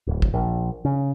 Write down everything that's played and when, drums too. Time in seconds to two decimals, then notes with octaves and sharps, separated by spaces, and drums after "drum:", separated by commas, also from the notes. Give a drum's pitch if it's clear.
0.07 D1
0.22 drum: kick
0.34 A#1
0.85 C#3